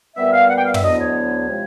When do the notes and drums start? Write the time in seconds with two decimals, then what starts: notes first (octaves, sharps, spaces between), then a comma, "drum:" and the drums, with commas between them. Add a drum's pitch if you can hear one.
0.16 A#2 G3 B3 E5
0.32 F5
0.50 F#5
0.57 G5
0.66 F5
0.74 E5, drum: tom
0.82 D2 D3 F#3 B3 E4 D#5
0.99 C#5
1.49 C3 F3 G#3